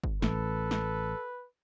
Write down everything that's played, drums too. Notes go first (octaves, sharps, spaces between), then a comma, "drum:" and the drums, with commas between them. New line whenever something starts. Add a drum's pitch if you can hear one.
drum: kick G1
A1 A4 B4, drum: snare
drum: snare